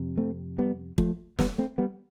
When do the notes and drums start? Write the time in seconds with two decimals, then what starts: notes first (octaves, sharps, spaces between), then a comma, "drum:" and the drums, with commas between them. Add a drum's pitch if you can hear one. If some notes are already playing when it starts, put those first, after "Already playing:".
Already playing: F2 C3
0.17 A3 C4
0.58 G3 B3
0.98 F3 A3, drum: kick
1.39 G3 B3, drum: snare
1.58 A3 C4
1.78 G3 B3